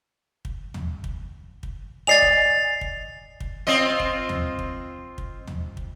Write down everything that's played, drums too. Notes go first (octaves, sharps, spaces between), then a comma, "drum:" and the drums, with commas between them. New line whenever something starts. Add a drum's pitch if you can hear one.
drum: kick
drum: tom
drum: kick
drum: kick
D5 D#5 G#5 A6 C7 F7
drum: kick
drum: kick
drum: kick
C4 F4 D#5
drum: kick
drum: tom
drum: kick
drum: kick
drum: tom
drum: kick